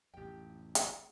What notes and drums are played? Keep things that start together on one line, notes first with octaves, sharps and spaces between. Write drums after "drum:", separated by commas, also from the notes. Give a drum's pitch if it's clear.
A1 F2 G4 G5
drum: hi-hat